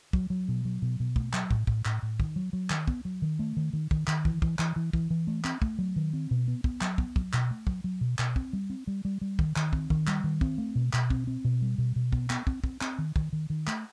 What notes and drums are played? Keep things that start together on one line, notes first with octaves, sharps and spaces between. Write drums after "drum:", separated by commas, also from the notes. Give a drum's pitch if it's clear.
F#3, drum: kick
F#3
B2
F#3
B2
B2
A3, drum: kick
F#3, drum: clap
A2, drum: kick
A2, drum: kick
A2, drum: clap
A2
D#3, drum: kick
F#3
F#3
D#3, drum: clap
B3, drum: kick
F#3
D#3
A3
D#3
D#3
D#3, drum: kick
D#3, drum: clap
E3, drum: kick
E3, drum: kick
E3, drum: clap
E3
E3, drum: kick
E3
A3
C4, drum: clap
A3, drum: kick
F#3
D#3
C4
B2
B3
B3, drum: kick
F#3, drum: clap
B3, drum: kick
F#3, drum: kick
B2, drum: clap
A3
F#3, drum: kick
F#3
B2
B2, drum: clap
C4, drum: kick
G3
C4
G3
G3
G3
D#3, drum: kick
D#3, drum: clap
C4, drum: kick
D#3, drum: kick
G3, drum: clap
D#3
C4, drum: kick
A3
B2
B2, drum: clap
C4, drum: kick
C4
B2
G3
B2
B2
B3, drum: kick
B3, drum: clap
C4, drum: kick
C4, drum: kick
C4, drum: clap
D#3
D#3, drum: kick
D#3
D#3
A3, drum: clap